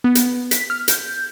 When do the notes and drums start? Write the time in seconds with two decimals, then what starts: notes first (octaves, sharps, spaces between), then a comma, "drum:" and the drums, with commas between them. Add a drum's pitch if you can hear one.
0.04 B3
0.15 drum: hi-hat
0.51 B6, drum: hi-hat
0.70 F6
0.88 G6, drum: hi-hat